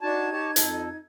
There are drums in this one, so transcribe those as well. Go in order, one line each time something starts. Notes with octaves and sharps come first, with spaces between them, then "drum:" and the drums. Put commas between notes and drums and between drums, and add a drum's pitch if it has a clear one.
D4 D#4 F#4 A5 G#6
G4 C#5 A5
F2 A4, drum: hi-hat